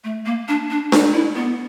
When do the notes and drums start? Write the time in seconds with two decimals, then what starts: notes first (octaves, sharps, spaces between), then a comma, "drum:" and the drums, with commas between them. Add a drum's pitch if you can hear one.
0.04 A3
0.26 A#3
0.48 D4
0.70 D4
0.92 D#4, drum: snare D4
1.13 E4
1.36 B3